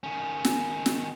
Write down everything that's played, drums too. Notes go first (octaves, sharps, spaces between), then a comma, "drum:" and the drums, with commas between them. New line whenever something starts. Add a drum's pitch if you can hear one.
D#3 C#4
drum: snare
drum: snare